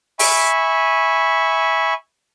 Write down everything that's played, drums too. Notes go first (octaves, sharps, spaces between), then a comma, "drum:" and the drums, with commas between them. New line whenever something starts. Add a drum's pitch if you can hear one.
E5 G#5 B5 C#6, drum: open hi-hat